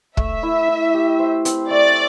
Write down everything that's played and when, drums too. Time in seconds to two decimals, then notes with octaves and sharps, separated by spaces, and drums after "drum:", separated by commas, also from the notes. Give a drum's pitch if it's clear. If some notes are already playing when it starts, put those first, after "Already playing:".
0.17 A3 E5, drum: kick
0.43 E4
0.68 E4
0.94 G4
1.19 C5
1.45 C4, drum: hi-hat
1.71 A3 D5